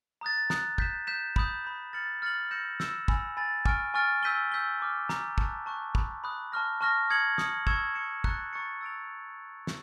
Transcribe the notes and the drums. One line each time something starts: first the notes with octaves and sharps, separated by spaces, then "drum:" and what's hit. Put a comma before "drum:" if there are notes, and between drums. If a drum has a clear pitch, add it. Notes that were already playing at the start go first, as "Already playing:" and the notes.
A#5 D#6 F#6 A6
A#5 D#6 F#6 A6, drum: snare
G6 B6 E7, drum: kick
G6 B6 E7
B5 D#6 G6, drum: kick
B5 D#6 G6
F6 A6 C#7 F#7
F6 A6 C#7 F#7
E6 G6 A#6 C#7 E7
E6 G6 A#6 C#7 E7, drum: snare
G#5 B5 E6 A6, drum: kick
G#5 B5 E6 A6
G#5 C#6 F6 A6 D7, drum: kick
G#5 C#6 F6 A6 D7
E6 G6 B6 D#7 G7
E6 G6 B6 D#7 G7
A#5 D6 F6
A#5 D6 F6, drum: snare
A5 C#6 F#6, drum: kick
A5 C#6 F#6
B5 D#6 F#6, drum: kick
B5 D#6 F#6
A5 C#6 F6 A#6
A5 C#6 F6 A#6
D#6 G#6 C#7 F#7
D#6 G#6 C#7 F#7, drum: snare
C#6 E6 G#6 C#7 E7, drum: kick
C#6 E6 G#6 C#7 E7
A#5 C#6 F#6 A6 C#7, drum: kick
A#5 C#6 F#6 A6 C#7
E6 A6 D7 F7
drum: snare